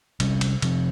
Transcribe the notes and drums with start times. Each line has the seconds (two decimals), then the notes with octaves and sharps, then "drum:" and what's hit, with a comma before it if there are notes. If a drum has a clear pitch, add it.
0.20 C3 G3 C#4, drum: cymbal
0.41 drum: cymbal
0.62 C3 F3 C4, drum: cymbal